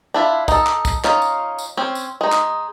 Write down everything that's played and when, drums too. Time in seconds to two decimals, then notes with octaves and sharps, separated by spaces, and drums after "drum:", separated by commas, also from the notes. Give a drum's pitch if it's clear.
0.14 D4 E4 F4
0.48 D#4 A4, drum: kick, tambourine
0.66 drum: clap
0.85 drum: kick, tambourine
1.04 C#4 D#4 F4, drum: clap
1.22 drum: tambourine
1.58 drum: tambourine
1.77 C4 C#4
1.95 drum: tambourine
2.21 G#3 D#4
2.32 drum: clap